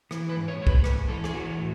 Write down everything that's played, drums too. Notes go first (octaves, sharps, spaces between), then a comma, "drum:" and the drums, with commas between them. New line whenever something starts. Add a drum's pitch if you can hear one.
E3, drum: rim click
B4
G#2
C#5
G#2 C#5
B4, drum: kick C2
G#2 B4, drum: rim click
E3 A4
G#4, drum: rim click
E3 F#4
A2